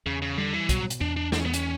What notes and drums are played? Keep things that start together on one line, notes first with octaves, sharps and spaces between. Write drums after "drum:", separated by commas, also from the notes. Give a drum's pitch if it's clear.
E2 C#3
C#3
D3 G3
E3
B2 F#3, drum: kick, hi-hat
drum: hi-hat
E2 D4
D4
E2 D4, drum: snare
C#4
B3
C#4, drum: hi-hat